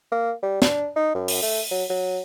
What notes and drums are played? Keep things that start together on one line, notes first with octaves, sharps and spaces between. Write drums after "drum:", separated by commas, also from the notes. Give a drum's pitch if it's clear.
A#3
G3
D4, drum: snare
D#4
F#2
drum: open hi-hat
A3
F#3
F#3